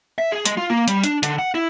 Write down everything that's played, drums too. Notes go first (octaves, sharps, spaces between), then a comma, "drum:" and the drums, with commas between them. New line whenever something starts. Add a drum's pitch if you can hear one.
E5
G#4
G#3, drum: hi-hat
F4
A#3
G3, drum: hi-hat
D4, drum: hi-hat
D3, drum: hi-hat
F#5
E4